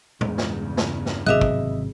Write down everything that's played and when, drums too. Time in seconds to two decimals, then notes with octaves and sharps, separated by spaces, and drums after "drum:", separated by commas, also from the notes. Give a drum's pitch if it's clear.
0.21 E2 G2 C#3 G#3, drum: tom
0.38 drum: snare
0.77 drum: snare
1.06 drum: snare
1.27 G#1 C3 F#3 G#4 D#5 E5 F#6
1.41 drum: kick